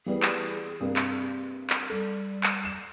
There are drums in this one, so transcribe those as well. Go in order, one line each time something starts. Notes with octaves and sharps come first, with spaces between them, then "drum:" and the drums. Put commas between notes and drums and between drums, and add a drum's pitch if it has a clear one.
E3 G3 B3 G#4
drum: clap
G2 C3 A#3
drum: clap
drum: clap
G3 A4
drum: clap
C7 E7